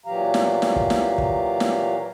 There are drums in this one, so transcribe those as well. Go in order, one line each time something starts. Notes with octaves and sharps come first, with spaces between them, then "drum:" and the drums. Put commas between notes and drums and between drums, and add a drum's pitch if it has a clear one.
A#2 E3 F#3 G4 F5 A#5
drum: snare
drum: snare
drum: kick
drum: snare
drum: kick
drum: snare